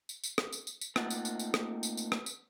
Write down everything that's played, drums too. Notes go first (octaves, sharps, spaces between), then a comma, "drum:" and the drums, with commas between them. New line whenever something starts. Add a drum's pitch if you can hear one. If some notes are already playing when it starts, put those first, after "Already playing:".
drum: tambourine
drum: tambourine
drum: rim click
drum: tambourine
drum: tambourine
drum: tambourine
A3 A#3 C4 D#4 F4 F#5, drum: rim click
drum: tambourine
drum: tambourine
drum: tambourine
drum: rim click
drum: tambourine
drum: tambourine
drum: rim click
drum: tambourine